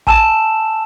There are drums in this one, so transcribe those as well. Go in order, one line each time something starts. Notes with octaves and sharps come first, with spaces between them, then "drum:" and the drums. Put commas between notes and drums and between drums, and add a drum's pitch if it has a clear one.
G#5 A5 E6 E7, drum: kick